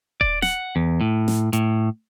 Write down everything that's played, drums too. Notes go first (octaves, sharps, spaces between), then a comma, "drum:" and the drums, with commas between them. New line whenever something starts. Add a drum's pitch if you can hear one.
D5, drum: kick D#1
F#5, drum: snare
E2
A2
drum: snare
A2, drum: hi-hat